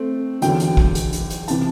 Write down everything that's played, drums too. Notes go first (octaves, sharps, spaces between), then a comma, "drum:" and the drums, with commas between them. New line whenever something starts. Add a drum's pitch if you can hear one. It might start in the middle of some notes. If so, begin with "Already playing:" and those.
Already playing: A3 C4
E2 D3 F#3 G5, drum: hi-hat
drum: hi-hat
drum: kick
drum: hi-hat
drum: hi-hat
drum: hi-hat
C3 E3 A5, drum: hi-hat